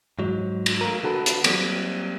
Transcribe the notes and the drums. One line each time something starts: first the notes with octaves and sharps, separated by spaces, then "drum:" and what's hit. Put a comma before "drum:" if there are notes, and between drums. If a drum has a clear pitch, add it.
G#2 F#3
drum: cymbal
A3 A#3 A#4
D3 F#4 A4 B4
drum: hi-hat
F#3 G3 A#3 C4, drum: cymbal